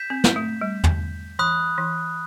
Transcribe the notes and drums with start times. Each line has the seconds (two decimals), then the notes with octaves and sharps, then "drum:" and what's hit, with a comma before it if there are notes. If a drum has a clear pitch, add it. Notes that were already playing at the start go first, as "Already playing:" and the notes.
Already playing: G6 B6 E7
0.10 C4
0.24 drum: snare
0.36 A3
0.61 G3
0.84 drum: tom E2
1.39 E3 B5 D#6 F#6
1.78 E3